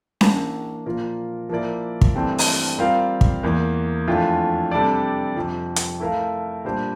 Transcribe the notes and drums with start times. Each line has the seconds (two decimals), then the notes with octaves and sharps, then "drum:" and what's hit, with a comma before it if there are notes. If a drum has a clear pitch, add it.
0.21 E3 A#3 D4, drum: snare C#4
0.86 A#2 F3 A#3 F4 A#4
1.49 F3 A#3 E4 A#4 D5
2.01 drum: kick
2.15 G2 E3 A3 C4 G4
2.39 drum: open hi-hat
2.79 G3 C4 F4 A#4 F5
3.21 drum: kick
3.43 E2 E3 A#3
4.08 F2 E3 A3 D4 F4
4.71 C3 G3 D4 A4 D5
5.36 F2 C3 F3
5.76 drum: hi-hat
6.00 A3 E4 A#4 F5
6.65 A#2 G3 D4 G4 C5